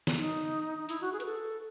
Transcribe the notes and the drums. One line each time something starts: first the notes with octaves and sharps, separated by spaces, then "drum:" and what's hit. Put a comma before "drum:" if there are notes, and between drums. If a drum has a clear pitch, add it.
drum: snare
D#4
D#4
E4, drum: open hi-hat
F#4
G#4
B4, drum: hi-hat
A4